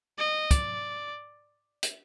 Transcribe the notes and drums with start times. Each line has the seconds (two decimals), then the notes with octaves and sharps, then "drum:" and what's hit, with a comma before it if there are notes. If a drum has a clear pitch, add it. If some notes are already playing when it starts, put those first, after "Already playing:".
0.18 D#5
0.51 D5, drum: kick, hi-hat
1.83 drum: hi-hat